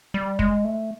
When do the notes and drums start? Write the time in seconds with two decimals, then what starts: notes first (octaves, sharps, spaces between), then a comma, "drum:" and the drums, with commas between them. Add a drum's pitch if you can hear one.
0.14 G3
0.39 G#3, drum: kick
0.64 A3